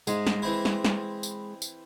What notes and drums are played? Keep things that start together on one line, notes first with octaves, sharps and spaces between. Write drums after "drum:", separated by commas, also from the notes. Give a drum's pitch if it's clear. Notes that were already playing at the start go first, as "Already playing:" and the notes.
G#2 G#3, drum: tambourine
drum: snare
E3 C4 E4
drum: snare
drum: snare
drum: tambourine
drum: tambourine